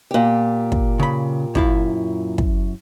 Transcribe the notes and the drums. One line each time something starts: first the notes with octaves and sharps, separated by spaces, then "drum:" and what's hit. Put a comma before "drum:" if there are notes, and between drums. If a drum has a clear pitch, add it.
A#2 G4
drum: kick
C#3 B5
F#2 E4 F5, drum: kick
drum: kick